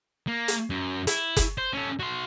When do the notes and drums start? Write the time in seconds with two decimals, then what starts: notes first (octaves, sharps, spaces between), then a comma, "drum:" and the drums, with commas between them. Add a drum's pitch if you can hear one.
0.27 A#3
0.48 drum: hi-hat
0.70 F#2
1.07 E4, drum: hi-hat
1.37 drum: kick F#1, hi-hat
1.58 C5
1.73 C#4 A4
2.00 F#4 C6